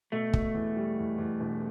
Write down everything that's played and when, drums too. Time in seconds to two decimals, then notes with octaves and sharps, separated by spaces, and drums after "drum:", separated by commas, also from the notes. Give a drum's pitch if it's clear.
0.12 B2 A3
0.33 B2, drum: kick
0.54 E2
0.76 G3
0.98 E2
1.18 E2
1.40 E1